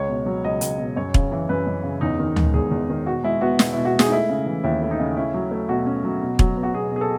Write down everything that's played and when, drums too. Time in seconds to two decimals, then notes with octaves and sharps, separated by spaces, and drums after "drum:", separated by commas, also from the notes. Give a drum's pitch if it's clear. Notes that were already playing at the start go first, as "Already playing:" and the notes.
Already playing: C#2 C#5
0.09 B2
0.26 F#3
0.44 C#2 D#5
0.61 C#2, drum: hi-hat
0.78 B2
0.96 F#2 C#5
1.14 C#3, drum: kick E1
1.32 E3
1.49 F#2 B4
1.67 F#2
1.83 C#3
2.01 E2 D#4
2.19 D#3
2.36 G#3, drum: tom D2
2.54 E2 G#4
2.71 E2
2.90 D#3
3.06 B2 F#4
3.24 G#3 E4
3.41 B3 F#4
3.59 B2, drum: snare
3.73 E4
3.77 B2
3.85 F#4
3.94 G#3
3.99 G#4, drum: snare
4.06 D#4
4.12 A3 E4
4.29 C#3
4.46 E3
4.64 D#2 E4
4.81 A3 E4
4.91 D#4
5.00 C#3
5.17 C#4 E4
5.34 F#3
5.51 A3
5.69 B2 F#4
5.86 C#4
6.04 F#3
6.22 B2
6.39 F#3, drum: kick E1
6.57 B3
6.63 F#4
6.74 B2 G#4
6.91 B2 G#4
7.01 A4